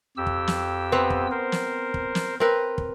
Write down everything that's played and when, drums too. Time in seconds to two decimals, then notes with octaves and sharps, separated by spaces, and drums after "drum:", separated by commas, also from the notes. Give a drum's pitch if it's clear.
0.17 F2 G4 E6
0.27 drum: kick
0.47 drum: snare
0.92 B3 C4
1.10 drum: kick
1.31 A#4 C5
1.52 drum: snare
1.94 drum: kick
2.15 drum: snare
2.40 C4 A#4 B4
2.78 drum: kick